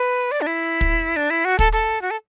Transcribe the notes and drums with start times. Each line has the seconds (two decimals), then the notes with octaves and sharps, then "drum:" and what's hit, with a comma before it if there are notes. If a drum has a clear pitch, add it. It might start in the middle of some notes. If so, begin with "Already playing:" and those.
Already playing: B4
0.32 D5
0.41 D4
0.47 E4
0.81 drum: kick
1.16 D4
1.30 E4
1.45 F#4
1.59 A4, drum: kick
1.72 A4, drum: hi-hat
2.02 F#4
2.11 A4